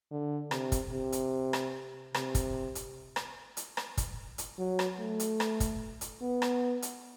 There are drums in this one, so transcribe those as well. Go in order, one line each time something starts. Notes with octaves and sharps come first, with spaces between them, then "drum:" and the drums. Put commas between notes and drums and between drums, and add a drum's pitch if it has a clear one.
D3
C3, drum: rim click
drum: kick, hi-hat
C3
drum: hi-hat
drum: rim click
C3, drum: rim click
drum: kick, hi-hat
drum: hi-hat
drum: rim click
drum: hi-hat
drum: rim click
drum: kick, hi-hat
drum: hi-hat
F#3
drum: rim click
A3
drum: hi-hat
drum: rim click
drum: kick, hi-hat
drum: hi-hat
B3
drum: rim click
drum: hi-hat